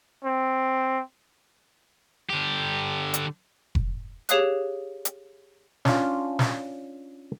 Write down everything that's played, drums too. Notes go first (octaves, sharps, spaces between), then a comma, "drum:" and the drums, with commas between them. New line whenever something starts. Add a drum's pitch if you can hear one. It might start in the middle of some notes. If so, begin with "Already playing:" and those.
C4
D3 G4
drum: hi-hat
drum: kick F1
G4 G#4 C#5 F5 D#6 F#6, drum: hi-hat
drum: hi-hat
C#4 D4 F4, drum: snare
drum: snare